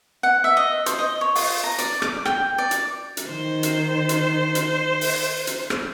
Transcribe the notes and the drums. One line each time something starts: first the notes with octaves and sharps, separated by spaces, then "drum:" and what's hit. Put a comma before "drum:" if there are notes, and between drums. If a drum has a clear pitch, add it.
F#5
E5
D#5
C5, drum: hi-hat
D#5
C#5
F4, drum: open hi-hat
A#5
D5, drum: hi-hat
D6, drum: rim click
G5, drum: rim click
D5
drum: hi-hat
drum: hi-hat
D#3 C5
drum: hi-hat
drum: hi-hat
drum: hi-hat
drum: open hi-hat
drum: hi-hat
drum: rim click